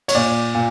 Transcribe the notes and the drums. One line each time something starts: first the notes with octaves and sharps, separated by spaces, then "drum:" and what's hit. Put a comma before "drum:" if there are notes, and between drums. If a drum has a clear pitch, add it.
C#5, drum: cymbal
A#2 D5
A#2